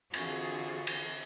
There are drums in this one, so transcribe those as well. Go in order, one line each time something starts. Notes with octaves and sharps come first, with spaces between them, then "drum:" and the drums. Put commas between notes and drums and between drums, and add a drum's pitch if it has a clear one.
D3 E3 C4 F4 F#4 G#4, drum: cymbal
drum: cymbal